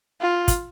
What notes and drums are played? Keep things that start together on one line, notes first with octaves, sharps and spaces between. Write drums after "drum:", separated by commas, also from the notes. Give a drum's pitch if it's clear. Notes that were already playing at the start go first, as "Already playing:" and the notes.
F4
drum: kick, hi-hat